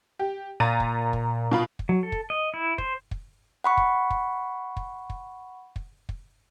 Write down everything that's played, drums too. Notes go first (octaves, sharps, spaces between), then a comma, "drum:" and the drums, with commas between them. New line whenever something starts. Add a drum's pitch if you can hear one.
G4
A#2 A#5 A6 D#7
drum: kick
drum: kick
B2 F4 B5
drum: kick
F#3
A4
drum: kick
D#5
E4
C5, drum: kick
drum: kick
F#5 B5 C#6
drum: kick
drum: kick
drum: kick
drum: kick
drum: kick
drum: kick